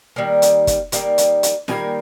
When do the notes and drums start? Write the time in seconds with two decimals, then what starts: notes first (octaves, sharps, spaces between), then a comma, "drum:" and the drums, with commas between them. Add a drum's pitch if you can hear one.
0.16 D#3 G3 A#3
0.42 drum: hi-hat
0.67 drum: kick, hi-hat
0.92 D#3 G3 A#3, drum: hi-hat
1.18 drum: hi-hat
1.43 drum: hi-hat
1.68 D#3 G3 A#3 G#5, drum: snare